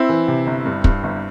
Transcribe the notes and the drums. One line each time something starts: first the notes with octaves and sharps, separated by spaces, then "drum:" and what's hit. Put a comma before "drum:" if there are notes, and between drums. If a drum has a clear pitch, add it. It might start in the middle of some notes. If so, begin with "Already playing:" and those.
Already playing: C4 E4
E3
C3
G1
G2
G2, drum: kick
G1